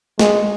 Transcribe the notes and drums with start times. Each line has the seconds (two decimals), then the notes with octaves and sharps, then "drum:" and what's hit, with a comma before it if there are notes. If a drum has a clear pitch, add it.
0.19 G#3, drum: snare